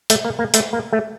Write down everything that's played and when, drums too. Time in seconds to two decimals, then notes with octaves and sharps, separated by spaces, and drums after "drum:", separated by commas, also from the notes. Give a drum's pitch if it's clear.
0.10 A3, drum: hi-hat
0.25 A#3
0.39 A#3
0.54 A3, drum: hi-hat
0.73 A#3
0.93 A3